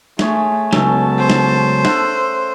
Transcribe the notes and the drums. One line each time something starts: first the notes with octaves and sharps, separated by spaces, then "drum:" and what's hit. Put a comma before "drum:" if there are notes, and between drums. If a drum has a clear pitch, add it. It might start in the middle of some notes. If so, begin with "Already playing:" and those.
A3 G#4 C#5 C6, drum: snare
C#2 F#3 A3 B3 C#4 A5, drum: snare
C5
drum: snare
A4 E5 F#5, drum: snare